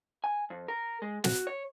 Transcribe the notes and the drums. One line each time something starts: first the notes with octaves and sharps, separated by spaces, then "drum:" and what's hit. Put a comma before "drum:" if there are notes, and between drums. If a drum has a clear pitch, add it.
G#5
F2
A#4
G#3
F#4, drum: snare
C#5